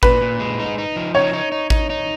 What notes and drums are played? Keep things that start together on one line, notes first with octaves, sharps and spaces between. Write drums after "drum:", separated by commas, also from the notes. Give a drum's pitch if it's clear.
A#2 B4, drum: kick G#1
A#2
G#3
D#4
D#4
F3
D#4 C#5
D#4
D#4
D#4, drum: kick G#1
D#4